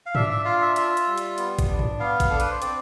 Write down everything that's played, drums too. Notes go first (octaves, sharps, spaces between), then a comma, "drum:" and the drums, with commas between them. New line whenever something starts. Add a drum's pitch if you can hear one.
F5
D4 E5, drum: tom G#2
E5
F4 F5
E5
F4 E5, drum: hi-hat
drum: hi-hat
G3
drum: hi-hat
B3, drum: hi-hat
drum: kick G#1, hi-hat
D4
drum: tom G#2
B3 F5
drum: kick G#1, hi-hat
D4 A4
B4, drum: hi-hat
C5
C4 D5, drum: hi-hat